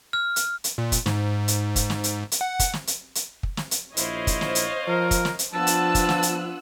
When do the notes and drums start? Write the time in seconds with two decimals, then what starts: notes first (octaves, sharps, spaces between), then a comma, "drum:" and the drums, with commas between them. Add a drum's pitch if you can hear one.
0.13 F6
0.36 drum: hi-hat
0.64 drum: hi-hat
0.78 A#2
0.92 drum: kick, hi-hat
1.06 G#2, drum: snare
1.48 drum: hi-hat
1.76 drum: kick, hi-hat
1.90 drum: snare
2.04 drum: hi-hat
2.32 drum: hi-hat
2.41 F#5
2.59 drum: kick, hi-hat
2.73 drum: snare
2.87 drum: hi-hat
3.15 drum: hi-hat
3.43 drum: kick
3.57 drum: snare
3.71 drum: hi-hat
3.97 A#1 E4 C5 C#5 D#5 F5, drum: hi-hat
4.27 drum: kick, hi-hat
4.41 drum: snare
4.55 drum: hi-hat
4.88 F3 A#4
5.11 drum: kick, hi-hat
5.25 drum: snare
5.39 drum: hi-hat
5.54 F3 B3 D4 F4 A5 E6 F#6
5.67 drum: hi-hat
5.95 drum: kick, hi-hat
6.09 drum: snare
6.23 drum: hi-hat